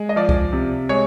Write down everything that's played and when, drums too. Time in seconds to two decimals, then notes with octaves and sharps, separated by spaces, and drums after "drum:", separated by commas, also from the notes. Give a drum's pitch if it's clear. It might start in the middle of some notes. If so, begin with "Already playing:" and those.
Already playing: G#3
0.09 D#5
0.16 F3 D5
0.29 drum: kick C2
0.53 C3
0.89 G#3 C#5